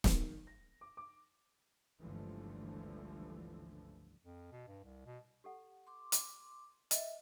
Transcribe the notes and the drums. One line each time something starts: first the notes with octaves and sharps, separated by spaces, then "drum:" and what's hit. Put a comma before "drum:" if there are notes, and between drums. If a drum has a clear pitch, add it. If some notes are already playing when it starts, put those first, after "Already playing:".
D#3, drum: snare
A#6
D6
D6
G1 C#2 D3 E3 F3 A3
F2
B2
G2
C2
B2
G4 A4 F#5
C6 D6
drum: hi-hat
D#5 E5, drum: hi-hat